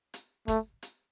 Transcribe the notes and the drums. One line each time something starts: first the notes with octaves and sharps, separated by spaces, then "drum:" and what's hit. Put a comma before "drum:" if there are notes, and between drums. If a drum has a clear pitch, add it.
drum: hi-hat
A3, drum: kick, hi-hat
drum: hi-hat